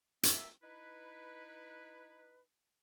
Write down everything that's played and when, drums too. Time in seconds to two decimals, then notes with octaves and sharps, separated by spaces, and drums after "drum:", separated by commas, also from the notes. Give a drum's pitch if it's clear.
0.23 A#3 C4 E5, drum: hi-hat
0.63 D#4 E4 B4